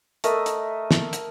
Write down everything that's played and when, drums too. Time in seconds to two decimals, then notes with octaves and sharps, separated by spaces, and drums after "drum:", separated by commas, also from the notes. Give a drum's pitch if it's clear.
0.24 A3 A#4 D#5 E5, drum: hi-hat
0.46 drum: hi-hat
0.91 drum: snare
1.13 drum: hi-hat